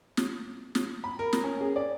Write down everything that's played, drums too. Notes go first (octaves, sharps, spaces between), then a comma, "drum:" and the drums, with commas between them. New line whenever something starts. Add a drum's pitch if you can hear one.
drum: snare
drum: snare
B5
A#4
drum: snare
C#4
G#4
D5